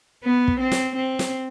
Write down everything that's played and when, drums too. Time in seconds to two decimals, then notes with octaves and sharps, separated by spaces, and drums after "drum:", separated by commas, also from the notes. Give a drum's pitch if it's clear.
0.24 B3
0.48 drum: kick
0.60 C4
0.72 drum: snare
0.95 C4
1.19 drum: snare